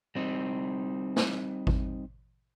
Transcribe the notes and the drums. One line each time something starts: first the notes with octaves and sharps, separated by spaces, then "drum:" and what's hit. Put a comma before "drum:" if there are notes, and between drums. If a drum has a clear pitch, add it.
G3 C4 D#4
drum: snare
drum: kick G#1